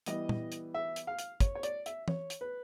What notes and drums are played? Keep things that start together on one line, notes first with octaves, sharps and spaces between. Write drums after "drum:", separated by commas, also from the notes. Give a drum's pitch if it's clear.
E3 G3 B3 E4 D#5, drum: hi-hat
drum: tom A#2
drum: hi-hat
E5
drum: hi-hat
F5
drum: hi-hat
C#5, drum: kick, hi-hat
C#5
D5, drum: hi-hat
E5, drum: hi-hat
C#5, drum: tom
drum: hi-hat
B4